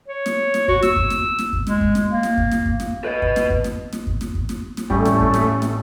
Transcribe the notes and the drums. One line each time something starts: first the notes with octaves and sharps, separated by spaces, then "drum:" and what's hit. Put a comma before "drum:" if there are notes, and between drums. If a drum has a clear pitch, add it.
C#5
drum: snare
drum: snare
F#4, drum: kick
E6, drum: snare
drum: kick
drum: snare
drum: snare
drum: kick
G#3, drum: snare
drum: kick
drum: snare
A#3
drum: snare
drum: kick
drum: snare
drum: kick
drum: snare
B4 D#5
drum: kick
drum: snare
drum: kick
drum: snare
drum: snare
drum: kick
drum: snare
drum: kick
drum: snare
drum: snare
A1 G3 A3 C#4, drum: kick
drum: snare
drum: kick
drum: snare
drum: snare